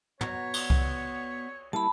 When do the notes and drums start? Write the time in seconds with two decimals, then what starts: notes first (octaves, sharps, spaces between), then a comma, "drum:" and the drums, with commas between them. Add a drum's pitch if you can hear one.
0.21 B3 F#4 C#5 A#5, drum: tom
0.54 drum: cymbal
0.70 drum: kick C2
1.73 G3 A#3 E4 A5 B5